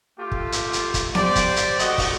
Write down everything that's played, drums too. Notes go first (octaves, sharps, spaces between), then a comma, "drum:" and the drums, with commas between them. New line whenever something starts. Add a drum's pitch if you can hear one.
A3 F4 G4
drum: kick
drum: hi-hat
drum: hi-hat
drum: kick, hi-hat
G4 C5 D5, drum: snare B3
drum: kick, hi-hat
drum: hi-hat
A3 F#4 D#5, drum: hi-hat
drum: kick, open hi-hat